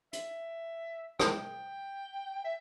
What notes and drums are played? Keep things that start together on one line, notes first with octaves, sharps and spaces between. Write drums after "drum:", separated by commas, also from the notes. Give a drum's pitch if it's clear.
E5, drum: hi-hat
G5, drum: rim click
E5